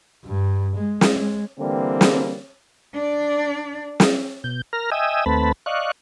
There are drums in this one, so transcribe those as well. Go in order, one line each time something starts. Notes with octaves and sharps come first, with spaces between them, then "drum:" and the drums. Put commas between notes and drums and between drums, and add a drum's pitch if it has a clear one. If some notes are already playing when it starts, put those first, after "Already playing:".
G2
G#3
drum: snare
G#3
D3 E3 G3 A#3 C4
drum: snare
D4 D5
drum: snare
B2 G6
A#4 F6 A#6
D#5 E5 G5 G#5 D#6 E6
D#2 A3 C4 B4 A5 B5
D5 D#5 F5 C#6 F#6